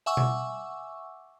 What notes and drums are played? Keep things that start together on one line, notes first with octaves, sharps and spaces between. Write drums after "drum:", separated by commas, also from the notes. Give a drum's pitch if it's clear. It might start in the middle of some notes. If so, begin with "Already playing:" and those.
E5 F#5 G#5 C#6 D6 E6
drum: tom B2